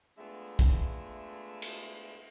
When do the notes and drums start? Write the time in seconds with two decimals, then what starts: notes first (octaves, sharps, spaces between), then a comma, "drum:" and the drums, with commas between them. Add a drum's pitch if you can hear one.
0.18 G#3 A3 B3 D4 F4 E5
0.59 drum: kick
1.62 drum: cymbal